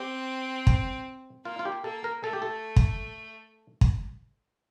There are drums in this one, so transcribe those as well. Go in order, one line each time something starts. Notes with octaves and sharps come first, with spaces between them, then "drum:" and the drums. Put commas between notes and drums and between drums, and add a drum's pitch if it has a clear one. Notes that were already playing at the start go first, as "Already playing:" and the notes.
Already playing: C4 G4
drum: kick
A#3 F4
F4
G4
A#3 A4
A#4
A3 A4
G4
A4
drum: kick
drum: kick